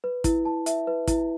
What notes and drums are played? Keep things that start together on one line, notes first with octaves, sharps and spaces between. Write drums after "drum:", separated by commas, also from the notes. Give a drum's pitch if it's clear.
B4
E4, drum: kick, hi-hat
A5
E5, drum: hi-hat
B4
E4, drum: kick, hi-hat